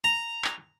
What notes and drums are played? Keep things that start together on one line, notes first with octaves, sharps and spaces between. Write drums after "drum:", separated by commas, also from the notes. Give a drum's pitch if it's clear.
A#5
drum: clap